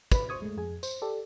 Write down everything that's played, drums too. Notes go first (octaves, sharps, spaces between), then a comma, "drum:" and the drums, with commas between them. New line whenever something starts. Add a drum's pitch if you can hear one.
B4 B5, drum: kick, tambourine
C5 C#6 D#6 G#6
G#3 A3
F2 G#4 G#5
C5, drum: tambourine
G4 A4 D5